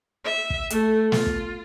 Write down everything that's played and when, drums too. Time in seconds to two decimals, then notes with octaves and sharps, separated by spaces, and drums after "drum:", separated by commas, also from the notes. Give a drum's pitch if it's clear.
0.24 E5
0.50 drum: kick
0.70 A3, drum: hi-hat
1.12 F4, drum: snare
1.26 drum: kick